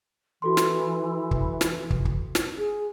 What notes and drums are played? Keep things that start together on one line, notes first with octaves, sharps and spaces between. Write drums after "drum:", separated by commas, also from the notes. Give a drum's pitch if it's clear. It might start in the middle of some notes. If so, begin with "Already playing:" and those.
E3 F#4 A4 C6
drum: snare
drum: kick
drum: snare
drum: kick
drum: kick
drum: snare
G#4